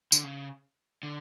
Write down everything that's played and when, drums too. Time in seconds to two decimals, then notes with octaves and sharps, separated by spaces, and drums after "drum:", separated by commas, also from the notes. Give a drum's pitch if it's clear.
0.12 D3, drum: tambourine
0.24 C#3
1.03 D3